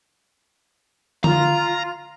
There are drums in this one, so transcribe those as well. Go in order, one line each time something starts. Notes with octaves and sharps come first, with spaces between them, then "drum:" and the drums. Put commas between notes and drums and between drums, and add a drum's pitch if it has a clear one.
F4 A#5, drum: tom D3